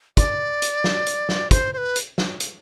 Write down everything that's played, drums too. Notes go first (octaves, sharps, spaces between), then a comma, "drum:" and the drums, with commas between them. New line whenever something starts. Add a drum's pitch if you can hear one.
D5, drum: kick, hi-hat
drum: hi-hat
drum: snare
drum: hi-hat
drum: snare
C5, drum: kick, hi-hat
C5
B4
drum: hi-hat
drum: snare
drum: hi-hat